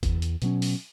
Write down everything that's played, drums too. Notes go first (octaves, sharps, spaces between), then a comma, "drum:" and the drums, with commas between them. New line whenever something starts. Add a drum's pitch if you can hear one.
E2, drum: kick G1, hi-hat
drum: hi-hat
B2 F#3 C#4, drum: hi-hat
drum: open hi-hat